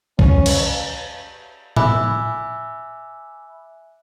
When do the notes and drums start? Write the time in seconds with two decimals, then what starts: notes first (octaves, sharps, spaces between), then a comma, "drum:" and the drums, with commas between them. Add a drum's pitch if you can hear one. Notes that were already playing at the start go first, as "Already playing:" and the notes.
0.19 C#4, drum: kick
0.46 drum: cymbal
1.76 E5 G#5 B5 D6 E6 F#6, drum: tom A2